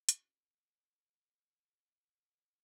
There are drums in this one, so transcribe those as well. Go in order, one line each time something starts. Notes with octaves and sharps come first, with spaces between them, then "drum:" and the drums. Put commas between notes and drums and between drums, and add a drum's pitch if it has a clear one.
C4 C#4 D#4 F4 G4 C#5, drum: hi-hat